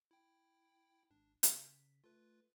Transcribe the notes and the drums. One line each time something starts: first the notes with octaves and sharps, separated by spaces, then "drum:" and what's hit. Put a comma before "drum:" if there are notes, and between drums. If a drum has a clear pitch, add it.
E4 G5
G#1 D4
C#3 B6, drum: hi-hat
A3 F4 B4